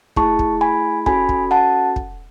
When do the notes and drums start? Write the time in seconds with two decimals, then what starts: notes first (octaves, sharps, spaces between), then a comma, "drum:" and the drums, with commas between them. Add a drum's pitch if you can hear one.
0.16 A3 E4 G#4 A5 C#6, drum: kick
0.39 drum: kick
0.61 G#5 B5
1.06 C#4 F#4 A4 G#5 B5, drum: kick
1.29 drum: kick
1.51 F#5 A5
1.96 drum: kick